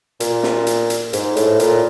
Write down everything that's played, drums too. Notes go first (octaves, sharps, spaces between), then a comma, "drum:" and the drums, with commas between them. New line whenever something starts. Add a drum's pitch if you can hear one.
A#2, drum: hi-hat
drum: snare
drum: hi-hat
drum: hi-hat
G#2, drum: hi-hat
A2, drum: hi-hat
A#2, drum: hi-hat